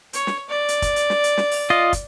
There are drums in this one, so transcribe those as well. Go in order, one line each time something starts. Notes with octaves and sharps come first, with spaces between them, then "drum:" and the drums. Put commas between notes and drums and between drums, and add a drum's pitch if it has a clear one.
C#5, drum: hi-hat
drum: snare
D5
drum: hi-hat
drum: kick, hi-hat
drum: hi-hat
drum: snare
drum: hi-hat
drum: snare
drum: open hi-hat
F4 D#5
drum: kick, hi-hat